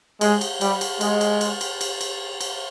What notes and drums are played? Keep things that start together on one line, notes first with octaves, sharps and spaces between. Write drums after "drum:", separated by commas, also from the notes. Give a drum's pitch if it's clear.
G#3, drum: cymbal
drum: cymbal
G3, drum: cymbal
drum: cymbal
G#3, drum: cymbal
drum: cymbal
drum: cymbal
drum: cymbal
drum: cymbal
drum: cymbal
drum: cymbal